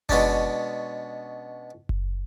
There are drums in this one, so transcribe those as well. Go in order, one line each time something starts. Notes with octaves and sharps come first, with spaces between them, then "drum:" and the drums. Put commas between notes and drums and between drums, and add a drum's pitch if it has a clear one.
B2 G#3 C#4 D4, drum: kick F#1
drum: kick F#1